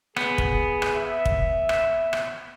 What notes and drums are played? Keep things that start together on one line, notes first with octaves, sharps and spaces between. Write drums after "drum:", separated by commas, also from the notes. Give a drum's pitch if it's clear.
B3 G#4, drum: rim click
drum: kick
drum: rim click
E5
drum: kick
drum: rim click
drum: rim click